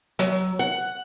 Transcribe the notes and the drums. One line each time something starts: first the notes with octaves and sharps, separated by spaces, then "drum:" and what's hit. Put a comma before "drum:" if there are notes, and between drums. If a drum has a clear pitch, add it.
F#3, drum: hi-hat
F#5